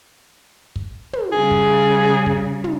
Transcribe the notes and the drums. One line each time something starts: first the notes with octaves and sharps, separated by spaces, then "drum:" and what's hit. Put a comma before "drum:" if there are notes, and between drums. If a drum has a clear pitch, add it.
drum: kick
drum: tom
C#3 G3 G#4
drum: kick
drum: kick
drum: tom